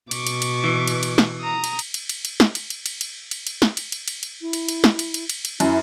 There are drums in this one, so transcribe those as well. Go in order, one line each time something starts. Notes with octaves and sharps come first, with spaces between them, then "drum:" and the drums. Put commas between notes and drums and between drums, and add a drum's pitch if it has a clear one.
B2 C#6 D6, drum: cymbal
drum: cymbal
drum: cymbal
E3
drum: cymbal
drum: cymbal
drum: snare
A#5 D#6
drum: cymbal
drum: cymbal
drum: cymbal
drum: cymbal
drum: cymbal
drum: snare
drum: cymbal
drum: cymbal
drum: cymbal
drum: cymbal
drum: cymbal
drum: cymbal
drum: snare
drum: cymbal
drum: cymbal
drum: cymbal
drum: cymbal
E4
drum: cymbal
drum: cymbal
drum: snare
drum: cymbal
drum: cymbal
drum: cymbal
drum: cymbal
F#2 E4, drum: cymbal